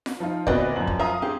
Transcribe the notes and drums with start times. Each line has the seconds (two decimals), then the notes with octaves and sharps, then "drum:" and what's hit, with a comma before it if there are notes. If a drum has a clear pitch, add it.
0.06 drum: snare F4
0.20 F3 D#4 F4
0.47 D2 A#2 B3 C4 F#4 B4 D5 D#5, drum: kick
0.76 F#2 F3 F#7
0.87 drum: kick
1.00 E5 F5 A#5 D#6
1.22 C4 G4 G#4